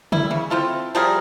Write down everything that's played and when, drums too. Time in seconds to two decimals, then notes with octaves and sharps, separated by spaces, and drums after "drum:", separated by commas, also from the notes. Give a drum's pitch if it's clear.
0.12 G3 E4, drum: tom C#3
0.31 C#3
0.50 C4 E4 F4 A4
0.95 F3 G3 G#4 A#4